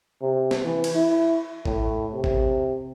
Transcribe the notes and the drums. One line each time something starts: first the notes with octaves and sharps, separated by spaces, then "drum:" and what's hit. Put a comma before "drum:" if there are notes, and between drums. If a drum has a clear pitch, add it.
C3
drum: snare
E3
drum: cymbal
E4
A2, drum: kick A1
C3
drum: kick A1